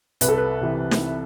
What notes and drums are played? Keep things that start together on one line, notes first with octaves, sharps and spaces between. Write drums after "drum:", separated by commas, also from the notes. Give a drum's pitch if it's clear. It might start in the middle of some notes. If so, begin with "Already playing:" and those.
C2 B4, drum: hi-hat
A4
B4
C3 E3
drum: snare